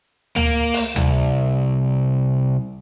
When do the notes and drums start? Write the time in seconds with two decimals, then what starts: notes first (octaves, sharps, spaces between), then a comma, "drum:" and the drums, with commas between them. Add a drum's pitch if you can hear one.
0.36 A#3, drum: tom D2
0.74 drum: open hi-hat
0.96 C2, drum: tom D2